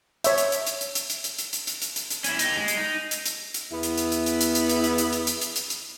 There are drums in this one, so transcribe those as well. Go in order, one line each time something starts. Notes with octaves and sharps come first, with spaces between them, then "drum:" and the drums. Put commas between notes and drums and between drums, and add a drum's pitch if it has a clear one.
C#5 E5, drum: hi-hat
drum: hi-hat
drum: hi-hat
drum: hi-hat
drum: hi-hat
drum: hi-hat
drum: hi-hat
drum: hi-hat
drum: hi-hat
drum: hi-hat
drum: hi-hat
drum: hi-hat
drum: hi-hat
drum: hi-hat
C#4 E4, drum: hi-hat
D#4 G4, drum: hi-hat
G#3
drum: hi-hat
D#4
drum: hi-hat
drum: hi-hat
drum: hi-hat
E2 B3 E4
drum: hi-hat
drum: hi-hat
drum: hi-hat
drum: hi-hat
drum: hi-hat
drum: hi-hat
drum: hi-hat
drum: hi-hat
drum: hi-hat
drum: hi-hat
drum: hi-hat
drum: hi-hat
drum: hi-hat
drum: hi-hat